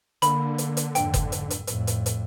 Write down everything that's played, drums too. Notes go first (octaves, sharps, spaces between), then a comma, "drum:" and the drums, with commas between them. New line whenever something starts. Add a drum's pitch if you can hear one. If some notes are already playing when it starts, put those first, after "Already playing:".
D3 A#3 B5, drum: hi-hat
drum: hi-hat
drum: hi-hat
F2 G#2 G5, drum: hi-hat
drum: kick F#1, hi-hat
drum: hi-hat
drum: hi-hat
F2 A2, drum: hi-hat
drum: hi-hat
drum: hi-hat